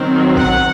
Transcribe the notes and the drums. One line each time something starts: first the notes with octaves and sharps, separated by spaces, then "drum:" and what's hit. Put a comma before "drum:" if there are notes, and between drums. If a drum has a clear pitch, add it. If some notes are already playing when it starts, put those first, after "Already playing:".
Already playing: D#3 F#3 C4
F#5, drum: kick A#1